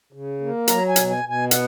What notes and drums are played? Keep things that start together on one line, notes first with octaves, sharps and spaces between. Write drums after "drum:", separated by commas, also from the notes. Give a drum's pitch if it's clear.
C#3
A#3
F#3 A#5, drum: hi-hat
G#5
B2, drum: hi-hat
G#5
B2
G#5
B3 F#5, drum: hi-hat